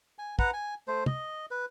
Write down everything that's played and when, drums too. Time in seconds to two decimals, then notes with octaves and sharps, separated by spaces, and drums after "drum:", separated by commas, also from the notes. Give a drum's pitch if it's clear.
0.19 G#5
0.39 B4 F#5 A#5, drum: kick
0.53 G#5
0.88 A3 C5
1.06 D#5, drum: tom
1.51 B4